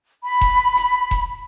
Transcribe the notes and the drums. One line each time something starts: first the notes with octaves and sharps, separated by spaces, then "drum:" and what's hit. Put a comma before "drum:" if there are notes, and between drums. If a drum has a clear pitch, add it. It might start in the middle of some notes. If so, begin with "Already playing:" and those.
B5
drum: kick E1, hi-hat
drum: hi-hat
drum: kick E1, hi-hat